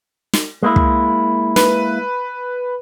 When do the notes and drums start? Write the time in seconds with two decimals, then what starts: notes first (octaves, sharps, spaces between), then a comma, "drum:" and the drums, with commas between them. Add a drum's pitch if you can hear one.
0.33 drum: snare
0.63 G#3 A#3 E4
0.76 drum: kick
1.56 B4, drum: snare